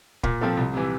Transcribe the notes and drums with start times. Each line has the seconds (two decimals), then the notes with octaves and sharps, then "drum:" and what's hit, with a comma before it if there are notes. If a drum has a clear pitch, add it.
0.23 A#2, drum: kick
0.41 F3 C4 F4 A4
0.57 C2
0.74 C3 E3